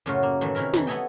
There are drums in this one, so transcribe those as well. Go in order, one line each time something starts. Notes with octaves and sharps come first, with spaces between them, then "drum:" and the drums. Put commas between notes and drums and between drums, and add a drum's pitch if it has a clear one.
F#2 A2 C#3 A3 F4 F#4
A#3
A2 D#3 E3 A3
C3 D#3 C#4 E4 A#4
F2 D#3 E3, drum: snare
B3 E4 A4 C#5 D#5 G5